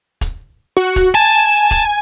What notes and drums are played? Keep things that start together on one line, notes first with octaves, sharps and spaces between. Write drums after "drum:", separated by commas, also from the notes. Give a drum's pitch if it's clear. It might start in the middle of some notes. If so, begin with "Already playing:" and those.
drum: kick, hi-hat
F#4
drum: kick, hi-hat
G#5 A5
drum: kick, hi-hat